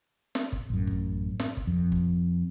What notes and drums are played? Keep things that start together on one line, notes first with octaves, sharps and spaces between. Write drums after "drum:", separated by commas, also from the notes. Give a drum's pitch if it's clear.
drum: snare
drum: kick G1
A1 F#2
drum: kick G1
drum: snare
drum: kick G1
F2
drum: kick G1